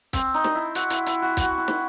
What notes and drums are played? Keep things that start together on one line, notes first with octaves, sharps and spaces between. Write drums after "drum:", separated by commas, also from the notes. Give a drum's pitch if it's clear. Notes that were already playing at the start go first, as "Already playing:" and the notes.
C4, drum: kick, hi-hat
D#4
drum: snare
E4
F#4, drum: hi-hat
E4, drum: hi-hat
E4, drum: hi-hat
F#4
F#4, drum: kick, hi-hat
E4
drum: snare